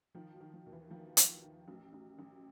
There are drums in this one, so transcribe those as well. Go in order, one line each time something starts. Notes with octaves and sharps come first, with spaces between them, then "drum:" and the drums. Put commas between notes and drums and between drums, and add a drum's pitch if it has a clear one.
D#3 F3
F#3
D#3
F3
D#2
E3
D#3 F3
D#3, drum: hi-hat
D#3
A1 F#3
A1
A1